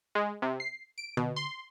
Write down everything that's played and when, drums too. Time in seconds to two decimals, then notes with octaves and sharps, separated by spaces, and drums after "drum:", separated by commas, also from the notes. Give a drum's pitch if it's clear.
0.15 G#3
0.42 C3
0.60 C7
0.98 D7
1.17 B2, drum: tom D3
1.36 C6